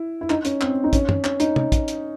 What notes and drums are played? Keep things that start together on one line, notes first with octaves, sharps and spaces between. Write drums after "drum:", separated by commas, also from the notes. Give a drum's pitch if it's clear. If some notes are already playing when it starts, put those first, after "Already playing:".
Already playing: E4
E4
D#4, drum: clap
C#4, drum: hi-hat
C4, drum: clap
D#4
C#4, drum: kick, hi-hat
drum: tom
C#4, drum: clap
D#4, drum: hi-hat
drum: tom
drum: kick, hi-hat
drum: hi-hat